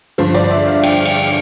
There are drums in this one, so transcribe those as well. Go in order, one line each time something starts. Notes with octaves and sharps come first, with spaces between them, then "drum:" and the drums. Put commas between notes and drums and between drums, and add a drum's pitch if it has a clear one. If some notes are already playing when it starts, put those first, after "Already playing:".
G2 D3 F3 C5
D5
E5
F5
G5, drum: cymbal
drum: cymbal